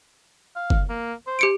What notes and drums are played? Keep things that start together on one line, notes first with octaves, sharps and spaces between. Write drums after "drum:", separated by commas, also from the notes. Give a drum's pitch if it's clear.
F5
drum: kick
A#3
C5
G4 C#7 D7